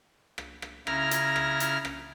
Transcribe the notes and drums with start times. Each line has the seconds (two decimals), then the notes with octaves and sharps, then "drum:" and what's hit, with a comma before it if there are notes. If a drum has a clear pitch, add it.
0.38 drum: rim click
0.62 drum: rim click
0.87 C#3 E4 A#5 F6, drum: rim click
1.11 drum: hi-hat
1.36 drum: rim click
1.60 drum: hi-hat
1.85 drum: rim click